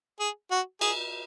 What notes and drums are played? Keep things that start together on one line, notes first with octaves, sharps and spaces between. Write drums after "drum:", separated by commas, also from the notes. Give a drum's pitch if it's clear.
G#4
F#4
G#4, drum: cymbal